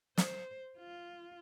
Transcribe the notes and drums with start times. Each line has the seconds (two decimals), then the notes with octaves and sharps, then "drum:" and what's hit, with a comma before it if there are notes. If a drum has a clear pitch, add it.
0.18 C5, drum: snare
0.78 F4